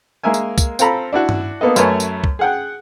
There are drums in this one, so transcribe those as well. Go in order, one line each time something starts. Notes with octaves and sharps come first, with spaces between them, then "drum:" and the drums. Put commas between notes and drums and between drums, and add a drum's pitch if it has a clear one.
G#3 A#3 A#4 E5 G#5
drum: tambourine
drum: kick, tambourine
C4 F4 A4 A#5 B5, drum: tambourine
D4 E4 F#4
drum: tom G2
A#3 B3 A4 D#5
F#2 A3 A#4 B4 C#5 G#5, drum: tambourine
drum: tambourine
drum: kick
G#4 F#5 G5